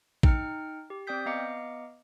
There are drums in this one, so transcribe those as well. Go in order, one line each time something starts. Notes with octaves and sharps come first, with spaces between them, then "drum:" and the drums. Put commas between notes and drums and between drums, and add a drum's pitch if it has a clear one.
D#4 G5 F6 C#7, drum: kick
G4
C4 D5 G5 D#6 G6 B6
B3 D#5 F5 A#5 D6 C#7